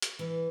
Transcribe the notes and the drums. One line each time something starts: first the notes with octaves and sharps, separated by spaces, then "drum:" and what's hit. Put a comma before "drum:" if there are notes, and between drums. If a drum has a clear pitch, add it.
drum: hi-hat
E3